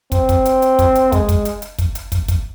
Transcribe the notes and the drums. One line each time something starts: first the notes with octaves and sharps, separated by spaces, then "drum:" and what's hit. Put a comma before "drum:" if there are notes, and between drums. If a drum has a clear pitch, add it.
C4, drum: kick, hi-hat
drum: kick, hi-hat
drum: hi-hat
drum: hi-hat
drum: kick, hi-hat
drum: hi-hat
G#3, drum: kick, hi-hat
drum: kick, hi-hat
drum: hi-hat
drum: hi-hat
drum: kick, hi-hat
drum: hi-hat
drum: kick, hi-hat
drum: kick, hi-hat